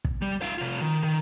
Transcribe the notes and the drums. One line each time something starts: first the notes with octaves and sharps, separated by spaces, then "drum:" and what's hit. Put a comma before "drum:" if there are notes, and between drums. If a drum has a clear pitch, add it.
drum: kick
G3
E4 F5, drum: hi-hat
C3 F4
D#3
D#3